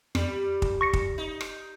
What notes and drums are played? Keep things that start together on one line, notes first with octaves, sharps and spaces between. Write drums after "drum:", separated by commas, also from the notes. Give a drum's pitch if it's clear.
F2 G3, drum: rim click
drum: kick
C#6 A#6 C#7
drum: kick
D#4
drum: rim click